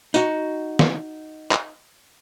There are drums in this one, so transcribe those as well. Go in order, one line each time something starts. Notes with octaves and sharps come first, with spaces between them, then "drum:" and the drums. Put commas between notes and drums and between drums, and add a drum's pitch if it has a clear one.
D#4 F#4, drum: tambourine
drum: snare
drum: clap